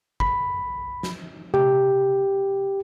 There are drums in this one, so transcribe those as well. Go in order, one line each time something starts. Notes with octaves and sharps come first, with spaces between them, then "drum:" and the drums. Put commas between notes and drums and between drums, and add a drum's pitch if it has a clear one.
B5, drum: kick
drum: snare
G4, drum: tom C3